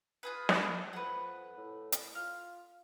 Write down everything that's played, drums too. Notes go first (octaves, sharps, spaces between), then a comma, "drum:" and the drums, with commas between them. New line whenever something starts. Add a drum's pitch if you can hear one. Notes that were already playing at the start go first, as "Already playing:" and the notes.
F4 G#4 B4
drum: snare
F2 B4 F#5
A2
drum: hi-hat
F4 F6